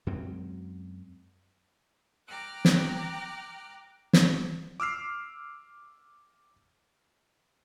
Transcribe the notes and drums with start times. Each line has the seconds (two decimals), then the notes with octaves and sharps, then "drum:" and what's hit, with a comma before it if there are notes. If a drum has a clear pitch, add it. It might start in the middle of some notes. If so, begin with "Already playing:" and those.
0.07 F#2 F#3 G#3 C4
2.27 G5 A#5 D6 F6 F#6
2.65 drum: snare
4.13 drum: snare
4.80 D6 E6 F6 C7